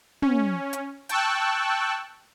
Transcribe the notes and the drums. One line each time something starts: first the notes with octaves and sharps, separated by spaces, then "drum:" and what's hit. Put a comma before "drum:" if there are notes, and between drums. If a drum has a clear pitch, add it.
C#4, drum: tom
drum: hi-hat
G5 A5 C#6 E6 F#6, drum: hi-hat